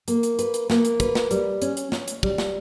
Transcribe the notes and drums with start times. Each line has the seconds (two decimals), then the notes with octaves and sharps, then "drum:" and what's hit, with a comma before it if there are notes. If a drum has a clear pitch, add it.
0.08 A#3, drum: hi-hat
0.23 drum: hi-hat
0.39 B4, drum: hi-hat
0.54 drum: hi-hat
0.70 A#3, drum: snare
0.85 drum: hi-hat
1.00 B4, drum: kick, hi-hat
1.15 drum: snare
1.31 G3, drum: hi-hat
1.62 C#4, drum: hi-hat
1.77 drum: hi-hat
1.92 C#4, drum: snare
2.08 drum: hi-hat
2.23 G3, drum: kick
2.38 drum: snare